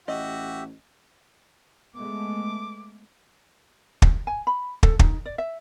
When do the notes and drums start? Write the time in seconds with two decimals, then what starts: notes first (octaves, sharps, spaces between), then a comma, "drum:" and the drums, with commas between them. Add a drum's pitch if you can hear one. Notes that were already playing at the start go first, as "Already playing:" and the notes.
0.08 A1 F#4 G4 D#5 E5
1.95 G#3 A3 B3 D6
4.02 drum: kick
4.27 G#5
4.47 B5
4.83 A4, drum: kick
4.99 D#4, drum: kick
5.26 D5
5.38 E5